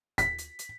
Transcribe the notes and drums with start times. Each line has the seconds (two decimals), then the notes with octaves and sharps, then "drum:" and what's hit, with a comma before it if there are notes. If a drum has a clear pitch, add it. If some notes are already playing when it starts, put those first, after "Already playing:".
0.18 B6, drum: kick D#2, hi-hat
0.39 drum: hi-hat
0.59 drum: hi-hat